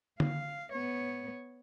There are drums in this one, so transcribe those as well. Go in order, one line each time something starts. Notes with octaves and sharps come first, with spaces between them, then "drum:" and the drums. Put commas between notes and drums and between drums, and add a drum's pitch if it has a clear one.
F5, drum: tom
B3 C#5